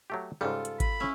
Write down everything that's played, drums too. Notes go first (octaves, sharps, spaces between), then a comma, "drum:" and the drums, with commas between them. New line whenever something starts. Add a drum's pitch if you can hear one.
F#3 A3 G4
G#2 C#3 G3 F4 A4
drum: hi-hat
B5, drum: kick G#1, hi-hat
C#4 E4